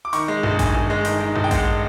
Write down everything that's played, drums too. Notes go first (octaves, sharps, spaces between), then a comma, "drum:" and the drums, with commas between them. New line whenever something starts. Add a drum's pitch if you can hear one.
D6
D#3 C#6, drum: hi-hat
G#3
G1
D#3 G#5, drum: kick A1, hi-hat
G1
G#3
D#3, drum: hi-hat
D#3
G1
G5
G#3 F#5, drum: kick A1, hi-hat